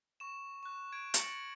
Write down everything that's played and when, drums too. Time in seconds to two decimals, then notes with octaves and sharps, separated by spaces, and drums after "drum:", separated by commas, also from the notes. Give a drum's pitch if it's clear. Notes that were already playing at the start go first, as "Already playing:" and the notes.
0.20 C#6 E7
0.63 C#6 F#6
0.92 G#6 D7
1.14 C#6 A6 A#6 C#7 F#7, drum: hi-hat